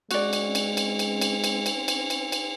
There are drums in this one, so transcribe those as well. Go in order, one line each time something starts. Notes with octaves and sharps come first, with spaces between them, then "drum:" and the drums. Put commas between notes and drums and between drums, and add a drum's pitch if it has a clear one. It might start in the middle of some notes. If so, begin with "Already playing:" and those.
G#3 C4 C#4 F#4 D5, drum: cymbal
drum: cymbal
drum: cymbal
drum: cymbal
drum: cymbal
drum: cymbal
drum: cymbal
drum: cymbal
drum: cymbal
drum: cymbal
drum: cymbal